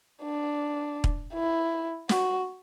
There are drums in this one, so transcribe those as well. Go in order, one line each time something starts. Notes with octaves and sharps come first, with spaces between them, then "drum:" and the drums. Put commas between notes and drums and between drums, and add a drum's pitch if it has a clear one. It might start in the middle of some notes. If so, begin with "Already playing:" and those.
D4
drum: kick
E4
F#4, drum: snare